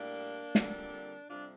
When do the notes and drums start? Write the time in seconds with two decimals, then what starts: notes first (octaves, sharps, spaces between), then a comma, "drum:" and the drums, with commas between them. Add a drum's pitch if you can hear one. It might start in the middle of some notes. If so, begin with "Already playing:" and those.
Already playing: A2 G3 A#3 D4
0.55 F2 D3 G3 A#3, drum: snare
1.28 F2 C3 G3 D4 F4